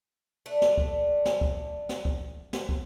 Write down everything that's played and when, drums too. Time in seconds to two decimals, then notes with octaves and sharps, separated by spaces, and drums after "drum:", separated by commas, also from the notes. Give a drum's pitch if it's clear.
0.46 A3 D4
0.62 drum: snare
0.78 drum: kick
1.25 drum: snare
1.41 drum: kick
1.89 drum: snare
2.05 drum: kick
2.53 drum: snare
2.69 drum: kick